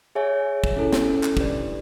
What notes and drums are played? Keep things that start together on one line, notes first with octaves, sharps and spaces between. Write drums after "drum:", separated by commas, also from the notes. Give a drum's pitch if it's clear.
G#4 C#5 E5 G#5
drum: kick
C#4 E4 A4
drum: snare
drum: clap
D4 G4 B4 D5, drum: kick